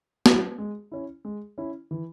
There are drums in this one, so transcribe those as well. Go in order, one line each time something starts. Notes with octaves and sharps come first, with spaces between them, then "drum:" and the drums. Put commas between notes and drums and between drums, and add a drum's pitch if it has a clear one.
F#3 C#4 E4, drum: snare
G#3
C#4 E4
G#3
C#4 E4
E3